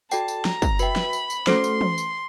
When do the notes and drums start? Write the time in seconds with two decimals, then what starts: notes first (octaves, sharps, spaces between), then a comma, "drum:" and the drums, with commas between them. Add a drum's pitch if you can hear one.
0.11 F#4 A4 D5 G5 A5, drum: tambourine
0.28 drum: tambourine
0.45 A#5, drum: snare
0.62 drum: kick, tambourine
0.79 F#4 B4 E5 G5 B5, drum: tambourine
0.96 drum: snare
1.13 drum: tambourine
1.30 drum: tambourine
1.47 A3 C#4 F#4 A4 C5 C6, drum: snare
1.64 drum: tambourine
1.81 drum: tom E3
1.98 drum: tambourine